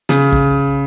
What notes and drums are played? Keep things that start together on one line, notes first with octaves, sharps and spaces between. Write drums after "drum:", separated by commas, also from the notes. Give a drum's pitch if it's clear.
C#3, drum: snare
drum: kick